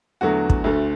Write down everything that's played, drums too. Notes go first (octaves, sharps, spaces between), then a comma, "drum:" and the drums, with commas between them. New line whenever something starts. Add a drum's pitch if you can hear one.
E2 D3 F#3 A3 F#4
drum: kick
D2 D3 A3